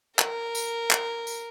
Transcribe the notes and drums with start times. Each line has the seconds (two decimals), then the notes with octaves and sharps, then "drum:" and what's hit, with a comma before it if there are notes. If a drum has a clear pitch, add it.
0.19 A#4, drum: clap
0.55 drum: tambourine
0.91 drum: clap
1.27 drum: tambourine